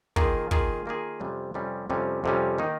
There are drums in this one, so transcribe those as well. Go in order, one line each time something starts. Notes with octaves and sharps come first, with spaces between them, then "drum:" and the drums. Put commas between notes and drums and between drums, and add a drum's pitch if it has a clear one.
D#3 A#3 F4 G#4, drum: kick
D#3 A#3 F4 G#4, drum: kick
D#3 A#3 F4 G#4
F2 C3 G3 C#4
F2 C3 G3 C#4
F2 C3 G3 C#4
F2 C3 G3 C#4
D#3 A#3 D#4